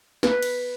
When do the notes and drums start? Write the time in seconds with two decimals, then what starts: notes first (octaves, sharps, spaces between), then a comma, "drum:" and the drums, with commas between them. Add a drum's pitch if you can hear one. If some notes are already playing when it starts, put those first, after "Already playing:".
0.23 B4, drum: snare
0.43 drum: cymbal